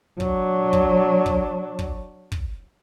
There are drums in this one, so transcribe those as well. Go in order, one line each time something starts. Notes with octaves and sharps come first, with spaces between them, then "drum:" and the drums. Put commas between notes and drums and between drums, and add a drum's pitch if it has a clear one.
F#3 D4, drum: kick
drum: kick
drum: kick
drum: kick
drum: kick